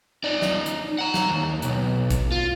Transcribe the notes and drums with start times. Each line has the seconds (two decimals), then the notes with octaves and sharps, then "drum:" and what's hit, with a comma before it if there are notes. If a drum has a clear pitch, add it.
0.24 D#4 D5
0.42 drum: snare
0.66 drum: hi-hat
0.98 F#5 A#5
1.14 drum: snare
1.30 D#2
1.62 B1, drum: hi-hat
2.11 drum: kick, hi-hat
2.31 F4